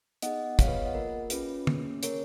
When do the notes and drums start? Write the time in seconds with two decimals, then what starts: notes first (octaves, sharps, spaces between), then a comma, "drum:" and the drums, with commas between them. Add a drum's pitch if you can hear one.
0.22 B3 D#4 G#4 D#5 F#5, drum: hi-hat
0.59 B3 F4 G#4 C#5 F5, drum: kick, hi-hat
0.68 B4 D#5
0.85 D#5 F#5
0.95 A#3 F4 G#4 A#4
1.30 C#4 F4 G#4 B4, drum: hi-hat
1.67 A#3 C#4 G#4, drum: tom
2.03 C#4 G#4 A#4 C#5, drum: hi-hat